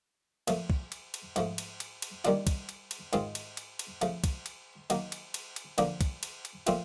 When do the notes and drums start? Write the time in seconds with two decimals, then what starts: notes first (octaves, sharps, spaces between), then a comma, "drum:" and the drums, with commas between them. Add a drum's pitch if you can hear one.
0.48 A#2 F3 A3, drum: cymbal
0.70 drum: kick
0.92 drum: cymbal
1.14 drum: cymbal
1.36 G#2 F3 A3, drum: cymbal
1.58 drum: cymbal
1.80 drum: cymbal
2.02 drum: cymbal
2.25 D#3 G3 A#3 D4 F4, drum: cymbal
2.47 drum: kick, cymbal
2.69 drum: cymbal
2.91 drum: cymbal
3.13 G#2 D#3 G#3 C4 F4, drum: cymbal
3.35 drum: cymbal
3.57 drum: cymbal
3.79 drum: cymbal
4.01 C#3 F3 A3, drum: cymbal
4.24 drum: kick, cymbal
4.46 drum: cymbal
4.90 D#3 F#3 A#3, drum: cymbal
5.12 drum: cymbal
5.34 drum: cymbal
5.56 drum: cymbal
5.78 D3 F3 A#3 D4, drum: cymbal
6.01 drum: kick, cymbal
6.23 drum: cymbal
6.45 drum: cymbal
6.67 A#2 F3 A3 C4 F4, drum: cymbal